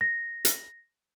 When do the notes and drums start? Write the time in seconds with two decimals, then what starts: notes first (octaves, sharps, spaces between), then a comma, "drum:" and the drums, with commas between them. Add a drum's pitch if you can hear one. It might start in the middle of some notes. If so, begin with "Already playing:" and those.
0.01 A#6
0.45 drum: hi-hat